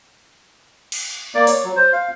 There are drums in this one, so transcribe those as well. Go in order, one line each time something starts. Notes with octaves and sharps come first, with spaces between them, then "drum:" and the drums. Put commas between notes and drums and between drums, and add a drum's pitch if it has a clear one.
drum: cymbal
A#3 D5
C#5, drum: open hi-hat
F#3
C5
F5